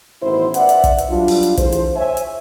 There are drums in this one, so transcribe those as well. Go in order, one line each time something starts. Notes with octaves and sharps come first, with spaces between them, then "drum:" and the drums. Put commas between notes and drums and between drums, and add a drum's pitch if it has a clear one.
A1 B2 D#3 E4 C5
B4 D5 E5 F#5, drum: hi-hat
drum: hi-hat
drum: kick, hi-hat
drum: hi-hat
F#3 G3 D4 F4
drum: open hi-hat
drum: hi-hat
E3 A3 G#4 C5, drum: kick, hi-hat
drum: hi-hat
C5 C#5 E5 G#5
drum: hi-hat